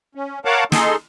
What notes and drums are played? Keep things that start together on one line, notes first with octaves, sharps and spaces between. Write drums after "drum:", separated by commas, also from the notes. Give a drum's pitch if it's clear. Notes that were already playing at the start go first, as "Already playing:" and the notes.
C#4
A#4 C#5 F5 F#5 A5 D6
D#4 G#4 A4 C6, drum: snare